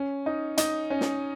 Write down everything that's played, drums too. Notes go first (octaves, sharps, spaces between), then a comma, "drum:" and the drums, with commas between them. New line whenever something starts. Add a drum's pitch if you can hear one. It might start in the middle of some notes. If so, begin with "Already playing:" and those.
Already playing: C#4
D#4
D#4, drum: hi-hat
C#4
drum: snare